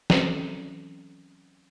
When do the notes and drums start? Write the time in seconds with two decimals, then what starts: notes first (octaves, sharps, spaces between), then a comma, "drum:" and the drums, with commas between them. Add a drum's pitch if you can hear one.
0.10 E3 F#3 C4 C#4 A4, drum: snare